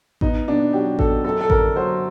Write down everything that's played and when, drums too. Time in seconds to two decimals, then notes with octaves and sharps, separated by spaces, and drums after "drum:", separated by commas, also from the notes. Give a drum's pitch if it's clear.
0.21 B3 D#4, drum: kick A1
0.48 B2 D4
0.73 F#3 G4
0.99 B2 A4, drum: kick A1
1.24 F#2 A4
1.41 A4
1.50 D3 A#4, drum: kick A1
1.76 F#3 C5